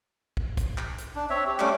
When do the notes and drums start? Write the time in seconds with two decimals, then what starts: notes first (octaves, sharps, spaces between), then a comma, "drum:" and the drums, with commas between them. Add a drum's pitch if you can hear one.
0.37 drum: kick
0.57 drum: kick, hi-hat
0.78 drum: clap
0.98 drum: hi-hat
1.15 D4
1.30 C4 C#5 E5
1.47 G4
1.59 G3 A3 C#4 D6, drum: clap